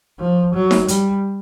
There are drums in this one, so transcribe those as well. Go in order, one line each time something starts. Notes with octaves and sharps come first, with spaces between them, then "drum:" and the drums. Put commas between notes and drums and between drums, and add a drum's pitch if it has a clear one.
F3
F#3
drum: snare D#4
G3, drum: hi-hat